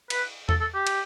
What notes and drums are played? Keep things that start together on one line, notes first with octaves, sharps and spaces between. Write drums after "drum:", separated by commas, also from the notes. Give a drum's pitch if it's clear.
B4, drum: cymbal
A4, drum: tom E2
A4
G4
drum: cymbal